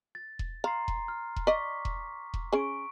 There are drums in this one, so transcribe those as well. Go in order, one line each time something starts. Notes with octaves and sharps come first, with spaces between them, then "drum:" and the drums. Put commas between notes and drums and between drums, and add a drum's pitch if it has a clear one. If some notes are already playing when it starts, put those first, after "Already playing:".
A6
drum: kick E1
F5 A#5 C6 C7
drum: kick E1
F6
drum: kick E1
D5 D#5 C#6 D6 B6
drum: kick E1
drum: kick E1
C#4 G#4 C#6 D7